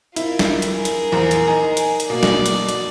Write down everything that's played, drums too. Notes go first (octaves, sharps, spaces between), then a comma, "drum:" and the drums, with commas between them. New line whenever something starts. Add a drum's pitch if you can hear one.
E4 F4 A#4, drum: hi-hat
drum: snare
drum: hi-hat
G#4 A#4
drum: hi-hat
A#1 E2 A#5
drum: hi-hat
D#4 G#5 A#5
drum: hi-hat
drum: hi-hat
B2 A#3 D5
drum: snare
drum: hi-hat
drum: hi-hat